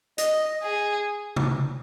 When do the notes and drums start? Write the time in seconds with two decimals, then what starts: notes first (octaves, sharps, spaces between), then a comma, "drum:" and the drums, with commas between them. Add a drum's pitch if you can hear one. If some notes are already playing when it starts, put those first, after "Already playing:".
0.18 D#5, drum: hi-hat
0.63 G#4
1.36 drum: tom C3